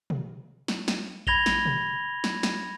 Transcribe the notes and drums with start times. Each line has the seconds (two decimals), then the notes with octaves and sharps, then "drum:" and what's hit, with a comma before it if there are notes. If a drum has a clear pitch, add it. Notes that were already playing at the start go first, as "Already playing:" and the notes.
0.10 drum: tom
0.68 drum: snare
0.88 drum: snare
1.27 B5 G#6 A#6 F7 G7, drum: kick A#1
1.46 drum: snare
1.66 drum: tom
2.24 drum: snare
2.43 drum: snare